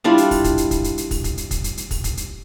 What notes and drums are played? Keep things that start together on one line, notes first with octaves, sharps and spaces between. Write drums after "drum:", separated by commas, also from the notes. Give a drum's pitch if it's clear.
G3 D4 E4 F4
drum: hi-hat
drum: kick, open hi-hat
drum: kick, hi-hat
drum: hi-hat
drum: kick, hi-hat
drum: hi-hat
drum: hi-hat
drum: kick, open hi-hat
drum: kick, hi-hat
drum: hi-hat
drum: kick, hi-hat
drum: hi-hat
drum: hi-hat
drum: kick, open hi-hat
drum: kick, hi-hat
drum: hi-hat